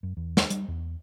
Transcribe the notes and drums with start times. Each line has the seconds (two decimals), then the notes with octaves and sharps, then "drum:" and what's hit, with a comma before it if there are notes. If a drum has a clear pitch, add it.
0.03 F#2
0.17 E2
0.37 drum: snare
0.50 G3, drum: hi-hat
0.68 E2